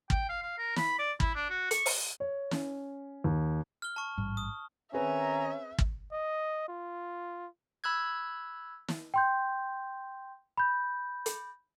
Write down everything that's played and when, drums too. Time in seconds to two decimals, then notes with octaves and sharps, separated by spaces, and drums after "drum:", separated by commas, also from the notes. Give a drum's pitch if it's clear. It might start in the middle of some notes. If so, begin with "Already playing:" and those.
0.10 G5, drum: kick
0.29 F5
0.42 F5
0.58 A#4
0.76 B5, drum: snare
0.99 D5
1.20 E4, drum: kick
1.35 D4
1.50 F#4
1.71 C#6, drum: hi-hat
1.86 drum: open hi-hat
2.20 C#5
2.51 C#4, drum: snare
3.24 D#2
3.82 F6 G7
3.96 A5 C#6
4.18 A1 G#2 G3
4.37 D#6
4.93 D#3 C4 C#4 G#4 B4 E5 G#5 A#5
5.78 drum: kick
6.12 D#5
6.68 F4
7.84 B5 E6 F#6 G#6
8.88 drum: snare
9.14 G5 C6 G6
10.57 B5 G6
11.26 drum: hi-hat